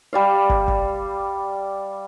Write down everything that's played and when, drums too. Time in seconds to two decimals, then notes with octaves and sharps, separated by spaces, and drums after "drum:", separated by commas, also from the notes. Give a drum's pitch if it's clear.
0.13 G3 D5 F5
0.49 drum: kick
0.68 drum: kick